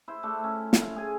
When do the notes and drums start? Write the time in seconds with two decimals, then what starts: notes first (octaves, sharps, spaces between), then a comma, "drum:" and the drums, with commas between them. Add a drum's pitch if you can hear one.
0.08 E4 C5
0.23 A3 D4
0.44 C#4
0.73 drum: snare
0.82 F5
0.96 G#4 G#5